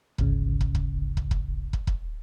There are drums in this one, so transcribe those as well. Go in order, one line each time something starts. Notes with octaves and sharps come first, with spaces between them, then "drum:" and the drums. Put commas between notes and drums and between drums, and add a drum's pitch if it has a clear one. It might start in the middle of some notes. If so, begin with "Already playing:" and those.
G#1 D2 C#3, drum: kick
drum: kick
drum: kick
drum: kick
drum: kick
drum: kick
drum: kick